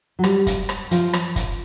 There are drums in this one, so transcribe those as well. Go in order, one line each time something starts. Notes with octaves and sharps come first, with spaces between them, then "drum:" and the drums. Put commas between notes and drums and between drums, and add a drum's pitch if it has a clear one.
F#3
G3, drum: rim click
drum: kick, hi-hat
drum: rim click
F3, drum: hi-hat
drum: rim click
drum: kick, hi-hat